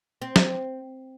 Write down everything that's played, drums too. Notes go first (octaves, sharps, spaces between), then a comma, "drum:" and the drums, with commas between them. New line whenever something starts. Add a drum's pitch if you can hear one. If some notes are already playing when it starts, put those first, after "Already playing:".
C4
drum: snare